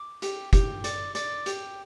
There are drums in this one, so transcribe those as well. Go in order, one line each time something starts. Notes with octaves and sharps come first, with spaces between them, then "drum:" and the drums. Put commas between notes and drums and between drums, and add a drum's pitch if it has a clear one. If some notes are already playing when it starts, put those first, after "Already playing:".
Already playing: D6
G4, drum: hi-hat
G4, drum: kick, hi-hat
D5, drum: hi-hat
D5, drum: hi-hat
G4, drum: hi-hat